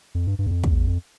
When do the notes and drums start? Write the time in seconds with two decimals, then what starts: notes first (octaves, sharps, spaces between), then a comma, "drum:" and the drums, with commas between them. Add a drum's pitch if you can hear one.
0.15 F2
0.27 G2
0.39 G2
0.46 E2
0.51 F2
0.64 E2, drum: kick
0.88 F2